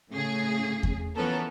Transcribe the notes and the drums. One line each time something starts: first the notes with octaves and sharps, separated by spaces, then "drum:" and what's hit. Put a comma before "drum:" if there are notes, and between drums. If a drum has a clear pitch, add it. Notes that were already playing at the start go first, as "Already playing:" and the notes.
A2 C#3 G#4
drum: kick E2
E3 F3 B3 C#4 A4 A#4